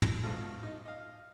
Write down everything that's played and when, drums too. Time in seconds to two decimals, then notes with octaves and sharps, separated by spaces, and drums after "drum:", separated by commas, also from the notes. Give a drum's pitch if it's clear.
0.02 drum: tom
0.23 G#1 G#2 B2 F4 A4
0.63 D#4
0.86 D#5 F5